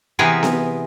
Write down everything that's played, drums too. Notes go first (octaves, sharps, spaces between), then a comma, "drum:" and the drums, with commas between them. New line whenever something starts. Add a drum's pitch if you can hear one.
C3 E3 B3 G#4 A#4
drum: snare B3